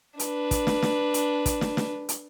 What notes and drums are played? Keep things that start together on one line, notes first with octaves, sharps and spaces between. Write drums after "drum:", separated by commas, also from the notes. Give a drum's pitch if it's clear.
D4 B4, drum: hi-hat
drum: kick, hi-hat
drum: snare
drum: snare
drum: hi-hat
drum: kick, hi-hat
drum: snare
drum: snare
drum: hi-hat